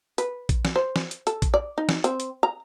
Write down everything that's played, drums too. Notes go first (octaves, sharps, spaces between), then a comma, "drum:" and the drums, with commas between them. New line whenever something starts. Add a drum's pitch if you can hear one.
B4, drum: hi-hat
drum: kick A#1, hi-hat
drum: snare
C5
drum: snare
drum: hi-hat
A4, drum: hi-hat
drum: kick A#1, hi-hat
D5
D#4
drum: snare
C4, drum: hi-hat
drum: hi-hat
A#5